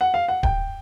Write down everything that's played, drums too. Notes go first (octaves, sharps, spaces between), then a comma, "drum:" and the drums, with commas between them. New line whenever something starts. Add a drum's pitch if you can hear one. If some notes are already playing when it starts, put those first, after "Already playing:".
F#5
F5
F#5
G5, drum: kick D1